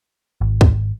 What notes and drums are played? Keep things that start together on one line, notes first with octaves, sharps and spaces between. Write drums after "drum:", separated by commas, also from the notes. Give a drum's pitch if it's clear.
G#1
drum: kick C#2